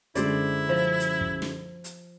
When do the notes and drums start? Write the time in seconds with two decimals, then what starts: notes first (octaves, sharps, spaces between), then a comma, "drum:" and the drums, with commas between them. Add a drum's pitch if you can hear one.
0.15 F#2 D3 G#3 E4 C5 D5, drum: hi-hat
0.69 F3
1.00 drum: hi-hat
1.21 drum: kick
1.42 drum: snare
1.84 drum: hi-hat